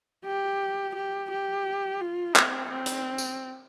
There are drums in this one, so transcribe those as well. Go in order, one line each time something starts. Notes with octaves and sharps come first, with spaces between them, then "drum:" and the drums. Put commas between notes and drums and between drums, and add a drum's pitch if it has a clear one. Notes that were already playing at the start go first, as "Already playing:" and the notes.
G4
G4
G4
F4
C4, drum: clap
C4
drum: hi-hat
drum: tambourine